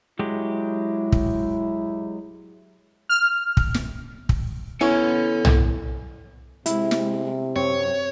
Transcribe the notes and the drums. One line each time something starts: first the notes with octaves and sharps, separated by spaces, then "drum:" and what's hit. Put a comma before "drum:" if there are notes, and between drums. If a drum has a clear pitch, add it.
F#3 G#3 E4 G4
drum: kick
F6
drum: kick
drum: snare
drum: kick
B3 C#4 E4 A4 F#5
drum: tom B1
C3 G#3 E4, drum: hi-hat
drum: snare
F#2 C4 C#5